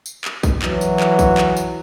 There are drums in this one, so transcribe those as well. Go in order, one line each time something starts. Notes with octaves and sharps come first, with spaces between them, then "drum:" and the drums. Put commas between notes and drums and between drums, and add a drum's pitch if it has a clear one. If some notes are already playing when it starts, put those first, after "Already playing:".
drum: tambourine
drum: clap
drum: kick, tambourine
E3 F#3, drum: clap
drum: tambourine
drum: clap
drum: kick, tambourine
drum: clap
drum: tambourine